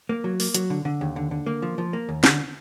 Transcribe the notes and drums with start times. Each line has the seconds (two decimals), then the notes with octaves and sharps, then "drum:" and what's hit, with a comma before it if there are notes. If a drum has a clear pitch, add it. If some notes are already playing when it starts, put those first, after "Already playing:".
0.09 A#3
0.24 F#3
0.40 A#3, drum: open hi-hat
0.54 F#3, drum: hi-hat
0.70 D3
0.85 D3
1.01 D#2
1.16 D3
1.31 D3
1.46 A#3
1.62 F3
1.78 F3
1.93 A#3
2.09 D#2
2.24 D3, drum: snare